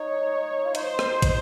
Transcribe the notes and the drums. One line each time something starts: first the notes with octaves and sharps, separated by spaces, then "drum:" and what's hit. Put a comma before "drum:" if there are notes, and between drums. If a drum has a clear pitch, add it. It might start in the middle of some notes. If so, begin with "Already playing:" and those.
Already playing: D#4 C#5
F4
D#4 C5, drum: hi-hat
drum: rim click
drum: kick, hi-hat